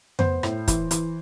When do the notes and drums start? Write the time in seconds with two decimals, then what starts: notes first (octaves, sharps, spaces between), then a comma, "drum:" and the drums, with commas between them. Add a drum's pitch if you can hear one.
0.19 B3 C5, drum: tom F2
0.43 A2, drum: rim click
0.68 E3, drum: kick, hi-hat
0.91 E3, drum: hi-hat